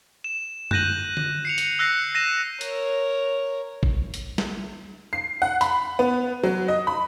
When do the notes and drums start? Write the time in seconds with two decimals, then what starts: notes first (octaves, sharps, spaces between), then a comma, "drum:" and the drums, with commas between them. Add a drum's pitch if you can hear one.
0.24 E7
0.71 F#6 G6 A#6 D#7 F#7, drum: tom F#2
1.17 drum: tom D3
1.45 C7 C#7 F7
1.58 drum: hi-hat
1.79 E6 F#6 A#6 C7 C#7
2.15 A#6 D#7 E7
2.61 A#4 C#5, drum: hi-hat
3.83 drum: kick G#1
4.14 drum: hi-hat
4.38 drum: snare
5.13 C7
5.42 F#5
5.61 B5, drum: hi-hat
5.99 B3
6.43 F#3
6.68 D#5
6.87 B5